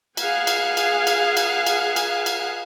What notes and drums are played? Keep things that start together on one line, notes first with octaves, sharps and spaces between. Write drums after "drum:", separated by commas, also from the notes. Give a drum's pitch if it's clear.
G#4 F5 F#5 G#5, drum: cymbal
drum: cymbal
drum: cymbal
drum: cymbal
drum: cymbal
drum: cymbal
drum: cymbal
drum: cymbal